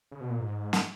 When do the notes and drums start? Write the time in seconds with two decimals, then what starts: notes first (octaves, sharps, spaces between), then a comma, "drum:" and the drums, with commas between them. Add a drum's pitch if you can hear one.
0.12 C#3
0.21 B2
0.30 A#2
0.40 G#2
0.73 drum: snare